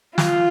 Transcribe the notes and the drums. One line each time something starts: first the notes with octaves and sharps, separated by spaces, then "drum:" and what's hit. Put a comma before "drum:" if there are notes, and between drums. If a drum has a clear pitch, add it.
F4, drum: snare